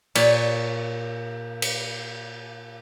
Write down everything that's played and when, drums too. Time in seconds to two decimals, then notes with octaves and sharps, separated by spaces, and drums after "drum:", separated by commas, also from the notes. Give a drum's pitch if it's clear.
0.15 A#2 C#5, drum: cymbal
1.62 drum: cymbal